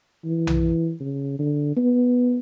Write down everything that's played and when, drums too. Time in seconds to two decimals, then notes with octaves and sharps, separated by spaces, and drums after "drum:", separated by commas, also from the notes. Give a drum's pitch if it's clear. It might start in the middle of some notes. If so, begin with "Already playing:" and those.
0.25 E3
0.47 drum: tom B1
1.00 C#3
1.39 D3
1.77 B3